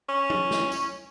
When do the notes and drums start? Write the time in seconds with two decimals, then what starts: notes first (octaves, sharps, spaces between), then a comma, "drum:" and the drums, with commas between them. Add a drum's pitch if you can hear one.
0.09 C#4
0.30 drum: tom
0.51 drum: snare
0.72 drum: tambourine